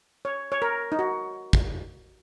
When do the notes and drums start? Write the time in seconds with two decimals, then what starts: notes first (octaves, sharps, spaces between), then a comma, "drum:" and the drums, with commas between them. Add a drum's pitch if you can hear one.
0.25 C#5
0.52 C#5
0.62 A#4
0.92 D#4
0.99 F#4
1.53 drum: kick